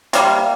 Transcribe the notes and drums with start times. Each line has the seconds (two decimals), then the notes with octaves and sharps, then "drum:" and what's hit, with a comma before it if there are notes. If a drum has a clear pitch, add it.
0.13 C3 G3 A#3, drum: hi-hat